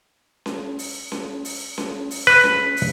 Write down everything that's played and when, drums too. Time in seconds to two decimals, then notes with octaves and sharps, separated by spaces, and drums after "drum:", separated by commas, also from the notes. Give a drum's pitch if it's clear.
0.46 drum: snare C#4
0.79 drum: open hi-hat
1.12 drum: snare C#4
1.45 drum: open hi-hat
1.78 drum: snare C#4
2.11 drum: open hi-hat
2.27 B4
2.44 drum: snare C#4
2.77 drum: open hi-hat